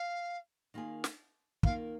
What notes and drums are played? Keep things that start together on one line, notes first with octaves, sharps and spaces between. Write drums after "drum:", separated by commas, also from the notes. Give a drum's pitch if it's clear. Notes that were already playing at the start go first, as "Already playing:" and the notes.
Already playing: F5
D#3 A#3 F4 G#4
drum: snare
D#3 A#3 F4 A#4 F5, drum: kick